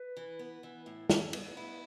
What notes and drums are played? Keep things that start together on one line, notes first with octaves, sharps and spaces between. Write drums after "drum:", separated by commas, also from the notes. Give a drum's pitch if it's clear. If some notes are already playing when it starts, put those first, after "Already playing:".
Already playing: B4
E3
B3
E3
A2
A2, drum: snare
B3, drum: cymbal
E4